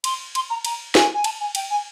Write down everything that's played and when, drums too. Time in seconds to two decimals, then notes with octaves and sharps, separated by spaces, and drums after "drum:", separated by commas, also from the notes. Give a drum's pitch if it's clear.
0.04 C6, drum: cymbal
0.35 C6, drum: cymbal
0.50 A#5
0.65 A#5, drum: cymbal
0.95 G#5, drum: snare
1.14 G#5
1.24 A5, drum: cymbal
1.40 G#5
1.55 G5, drum: cymbal
1.70 G#5